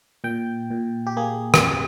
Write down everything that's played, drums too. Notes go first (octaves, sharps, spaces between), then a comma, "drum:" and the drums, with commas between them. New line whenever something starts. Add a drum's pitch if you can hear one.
A#2 G5
A#2
G4
A#3 G#4
drum: rim click
A#3